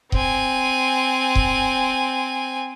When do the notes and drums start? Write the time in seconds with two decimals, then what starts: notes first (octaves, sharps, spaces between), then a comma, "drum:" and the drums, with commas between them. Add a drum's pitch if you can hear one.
0.12 C4 G#5, drum: kick D#1
1.35 drum: kick D#1